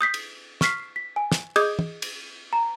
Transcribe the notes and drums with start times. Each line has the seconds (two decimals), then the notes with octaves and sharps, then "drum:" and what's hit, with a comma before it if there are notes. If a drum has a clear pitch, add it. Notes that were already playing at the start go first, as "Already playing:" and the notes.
0.01 D#6 G6 B6 C7
0.14 drum: cymbal
0.61 C#6 F6 B6 C7, drum: snare
0.96 B6
1.16 G#5
1.32 drum: snare
1.56 G#4 D#5 D6 D#6 G6 G#6, drum: cymbal
1.79 drum: tom
2.02 drum: cymbal
2.53 A#5